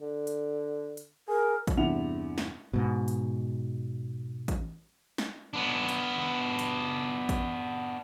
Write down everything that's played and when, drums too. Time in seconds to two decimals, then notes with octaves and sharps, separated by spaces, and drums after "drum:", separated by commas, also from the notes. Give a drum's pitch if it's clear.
0.01 D3
0.27 drum: hi-hat
0.97 drum: hi-hat
1.28 G#4 A#4
1.67 drum: kick A1, hi-hat
1.77 E2 G2 C3 E4 F#5 F7
2.38 drum: snare
2.73 G#2 B2
3.08 drum: hi-hat
4.48 drum: kick A1, hi-hat
5.18 drum: snare
5.53 B3 D4
5.89 drum: hi-hat
6.59 drum: hi-hat
7.29 drum: kick A1, hi-hat